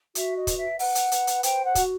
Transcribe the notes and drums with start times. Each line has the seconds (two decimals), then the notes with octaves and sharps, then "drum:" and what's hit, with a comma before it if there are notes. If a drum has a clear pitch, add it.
0.15 F#4 E5, drum: hi-hat
0.37 D#5
0.47 B4, drum: kick, hi-hat
0.58 E5
0.79 B4 F#5, drum: open hi-hat
0.95 drum: hi-hat
1.12 B4, drum: hi-hat
1.27 drum: hi-hat
1.43 C5 G5, drum: hi-hat
1.64 F#5
1.75 F#4, drum: kick, hi-hat